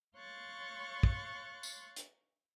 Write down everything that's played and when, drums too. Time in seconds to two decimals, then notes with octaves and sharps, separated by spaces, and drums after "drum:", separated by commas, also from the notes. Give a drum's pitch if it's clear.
0.17 C#5 F5 C6 C#6 F#6 A6
1.03 drum: kick
1.63 drum: tambourine
1.96 drum: hi-hat